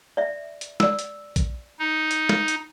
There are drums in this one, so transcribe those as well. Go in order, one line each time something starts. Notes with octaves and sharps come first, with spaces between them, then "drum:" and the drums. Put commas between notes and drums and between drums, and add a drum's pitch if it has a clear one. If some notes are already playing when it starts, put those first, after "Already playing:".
D5 E5
drum: hi-hat
D5 E6, drum: snare
drum: hi-hat
drum: kick A#1, hi-hat
D#4
drum: hi-hat
drum: snare
drum: hi-hat